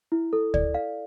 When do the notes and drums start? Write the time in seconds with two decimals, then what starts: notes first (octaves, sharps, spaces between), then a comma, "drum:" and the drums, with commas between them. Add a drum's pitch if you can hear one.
0.12 E4
0.33 A4
0.54 D5, drum: kick
0.74 F5